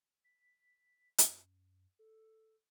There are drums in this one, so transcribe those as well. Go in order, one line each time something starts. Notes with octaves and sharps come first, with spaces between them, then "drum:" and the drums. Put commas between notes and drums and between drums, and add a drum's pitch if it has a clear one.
B6
F#2, drum: hi-hat
A4